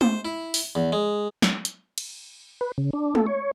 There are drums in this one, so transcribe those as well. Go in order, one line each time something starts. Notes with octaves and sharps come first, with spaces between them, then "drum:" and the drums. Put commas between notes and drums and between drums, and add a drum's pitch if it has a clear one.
C5, drum: tom G#3
E4
drum: open hi-hat
E2
G#3
drum: snare
drum: hi-hat
drum: cymbal
B4
C#3
D4
A4, drum: tom G#3
C#5